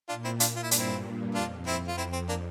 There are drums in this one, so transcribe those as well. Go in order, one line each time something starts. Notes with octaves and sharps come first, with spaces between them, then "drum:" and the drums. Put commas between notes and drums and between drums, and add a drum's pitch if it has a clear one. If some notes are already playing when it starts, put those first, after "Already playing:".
A#2 D4 F4
C4 E4
D4 F4, drum: hi-hat
F4
E4
G2 D4, drum: hi-hat
C4 E4
F2 D4 F4
C4 E4
F4
F2 C4 E4
C4
A#3 D4